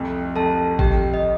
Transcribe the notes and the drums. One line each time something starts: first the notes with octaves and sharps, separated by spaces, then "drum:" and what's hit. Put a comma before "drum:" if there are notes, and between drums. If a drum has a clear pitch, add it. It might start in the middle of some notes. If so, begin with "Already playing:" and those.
Already playing: C2 F2 A3
F2 A4 A5
F2 G4 G5, drum: kick G#1
D#5